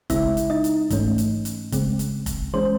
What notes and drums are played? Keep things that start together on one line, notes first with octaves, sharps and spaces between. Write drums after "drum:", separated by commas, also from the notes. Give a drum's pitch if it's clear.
C#3 G#3 C4 E4 E5, drum: kick F1, hi-hat
drum: hi-hat
D#4 D#5
drum: hi-hat
G#2 E3 A3 C#4, drum: kick F1, hi-hat
drum: hi-hat
drum: hi-hat
C#3 G#3 C4, drum: kick F1, hi-hat
drum: hi-hat
drum: kick F1, hi-hat
E3 G#3 C#4 C5